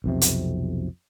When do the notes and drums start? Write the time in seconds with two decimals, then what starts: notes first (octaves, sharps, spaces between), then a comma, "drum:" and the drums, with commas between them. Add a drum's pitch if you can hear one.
0.04 B1 F2 C3
0.21 drum: hi-hat